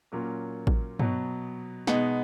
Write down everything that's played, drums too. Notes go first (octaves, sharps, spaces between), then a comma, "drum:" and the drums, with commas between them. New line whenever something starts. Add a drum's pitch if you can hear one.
A#2 F#3 A#3 C#4 F4
drum: kick A1
B2 F#3 B3, drum: tom G2
B2 G#3 B3 D#4, drum: snare